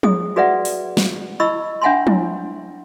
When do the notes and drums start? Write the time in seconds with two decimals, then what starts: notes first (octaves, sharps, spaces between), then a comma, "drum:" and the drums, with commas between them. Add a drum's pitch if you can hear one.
0.03 G#4 D#6, drum: tom F3
0.36 F#4 G#4 B4 D5 E5 F#5
0.65 drum: open hi-hat
0.97 drum: snare
1.40 E4 D#5 B5 C#6 E6
1.82 D4 E5 F#5 G#5 B5 C6
2.07 E4, drum: tom F3